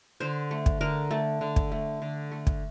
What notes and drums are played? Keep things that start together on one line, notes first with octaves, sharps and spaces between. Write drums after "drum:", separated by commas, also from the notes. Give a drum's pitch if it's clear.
D3 C5
A3
drum: kick
D3 A#4
A3 A4
D3
drum: kick
A3
D3
A3
drum: kick